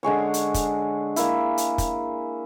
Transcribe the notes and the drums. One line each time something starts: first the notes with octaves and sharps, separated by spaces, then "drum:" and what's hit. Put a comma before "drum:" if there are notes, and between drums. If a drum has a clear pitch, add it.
D3 G#3 G#4 C#5
drum: hi-hat
drum: kick, hi-hat
A#3 E4, drum: hi-hat
drum: hi-hat
drum: kick, hi-hat